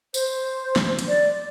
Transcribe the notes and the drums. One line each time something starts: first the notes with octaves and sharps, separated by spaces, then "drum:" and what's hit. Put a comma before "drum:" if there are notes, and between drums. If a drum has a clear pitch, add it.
C5, drum: tambourine
drum: snare
drum: hi-hat
D5